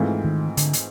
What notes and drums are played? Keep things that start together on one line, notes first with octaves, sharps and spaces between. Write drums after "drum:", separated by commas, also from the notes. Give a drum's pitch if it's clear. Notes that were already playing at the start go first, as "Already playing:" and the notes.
Already playing: G#2 E3 A3 C4 F4
D#3
D3, drum: hi-hat
drum: hi-hat